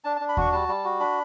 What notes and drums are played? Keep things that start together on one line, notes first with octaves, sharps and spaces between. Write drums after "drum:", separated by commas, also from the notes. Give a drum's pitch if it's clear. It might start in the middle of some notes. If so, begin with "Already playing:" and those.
D4 A5
A5
D4
B5
F#4 C#6, drum: kick D#2
G3 A5
G3
F#4
D4 B5